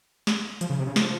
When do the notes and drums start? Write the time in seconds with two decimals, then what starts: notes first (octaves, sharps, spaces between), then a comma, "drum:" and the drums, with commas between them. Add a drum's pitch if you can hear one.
0.27 drum: snare
0.61 F3, drum: hi-hat
0.70 C#3
0.79 C3
0.87 C#3
0.96 F3, drum: snare